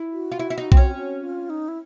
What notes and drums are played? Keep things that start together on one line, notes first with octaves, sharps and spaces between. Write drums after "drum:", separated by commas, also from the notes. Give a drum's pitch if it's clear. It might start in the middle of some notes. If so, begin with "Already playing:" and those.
Already playing: E4
F#4
F4
E4
E4
D#4
C4, drum: kick B1
C#4
F#4
F4
D#4
E4